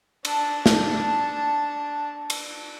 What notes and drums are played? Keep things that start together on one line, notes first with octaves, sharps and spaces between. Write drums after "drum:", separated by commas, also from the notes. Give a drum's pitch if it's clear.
D4 A5, drum: cymbal
drum: snare
drum: cymbal